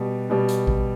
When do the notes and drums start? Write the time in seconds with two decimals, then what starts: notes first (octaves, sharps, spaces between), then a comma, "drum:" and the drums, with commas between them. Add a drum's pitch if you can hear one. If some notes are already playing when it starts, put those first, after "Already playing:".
Already playing: B2 G3
0.30 B2 G3
0.49 drum: hi-hat
0.67 drum: kick A1